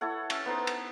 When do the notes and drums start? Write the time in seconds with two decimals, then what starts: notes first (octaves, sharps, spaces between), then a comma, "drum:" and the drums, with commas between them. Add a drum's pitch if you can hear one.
0.01 E4 A4 C#5 F#5
0.30 C#4 E5, drum: cymbal
0.46 B3 D#4 C5
0.67 drum: cymbal